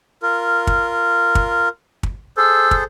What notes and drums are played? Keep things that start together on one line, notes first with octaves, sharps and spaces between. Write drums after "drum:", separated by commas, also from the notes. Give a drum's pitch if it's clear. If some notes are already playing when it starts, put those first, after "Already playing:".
F4 A#4
drum: kick
drum: kick
drum: kick
G#4 A4 C5 E6
drum: kick